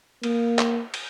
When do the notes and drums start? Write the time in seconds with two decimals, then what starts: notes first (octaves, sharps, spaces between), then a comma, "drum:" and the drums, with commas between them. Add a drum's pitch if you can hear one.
0.23 A#3, drum: cymbal
0.59 drum: clap
0.94 drum: cymbal